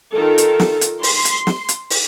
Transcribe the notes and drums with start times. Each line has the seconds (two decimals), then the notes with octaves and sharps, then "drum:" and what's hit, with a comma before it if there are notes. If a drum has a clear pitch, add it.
0.15 D#3 F4 A4 A#4
0.38 drum: hi-hat
0.60 drum: snare
0.81 drum: hi-hat
1.03 C6, drum: open hi-hat
1.25 drum: hi-hat
1.47 drum: snare
1.69 drum: hi-hat
1.90 drum: open hi-hat